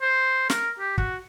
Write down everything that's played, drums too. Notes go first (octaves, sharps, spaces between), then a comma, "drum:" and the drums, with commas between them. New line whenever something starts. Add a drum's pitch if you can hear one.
C5
A#4, drum: snare
G4
F#4, drum: kick